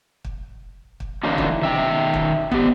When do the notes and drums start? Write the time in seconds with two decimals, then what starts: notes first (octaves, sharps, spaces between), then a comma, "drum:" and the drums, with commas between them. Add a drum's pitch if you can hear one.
0.24 drum: kick
1.00 drum: kick
1.23 D3 E3 F#3 A#3 C#4 D#4
1.38 drum: kick
1.62 D#3 E5 G5
2.14 drum: kick
2.51 B3 G4, drum: kick